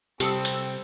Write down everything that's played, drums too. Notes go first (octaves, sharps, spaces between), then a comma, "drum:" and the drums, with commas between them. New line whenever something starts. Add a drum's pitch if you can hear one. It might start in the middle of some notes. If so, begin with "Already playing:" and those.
C3 G3 C4 G4 A4 A5 E6 C#7, drum: hi-hat
drum: hi-hat